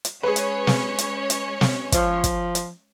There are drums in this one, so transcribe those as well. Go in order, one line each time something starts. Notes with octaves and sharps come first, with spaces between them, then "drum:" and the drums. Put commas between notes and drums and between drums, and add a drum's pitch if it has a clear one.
drum: hi-hat
G#3 C#4 G#4 B4 C#5
drum: hi-hat
drum: snare
drum: hi-hat
drum: hi-hat
drum: snare
F3, drum: kick, hi-hat
drum: kick, hi-hat
drum: hi-hat